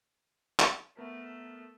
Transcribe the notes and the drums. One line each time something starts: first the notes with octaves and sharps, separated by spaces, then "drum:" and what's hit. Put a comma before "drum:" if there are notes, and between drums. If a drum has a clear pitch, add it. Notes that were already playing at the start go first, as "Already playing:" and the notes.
drum: clap
A3 B3 A#4